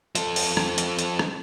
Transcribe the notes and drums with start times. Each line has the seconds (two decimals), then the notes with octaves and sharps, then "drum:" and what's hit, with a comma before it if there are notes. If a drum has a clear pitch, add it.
0.15 F3 A4, drum: hi-hat
0.36 drum: open hi-hat
0.57 drum: rim click
0.78 drum: hi-hat
0.99 drum: hi-hat
1.19 drum: rim click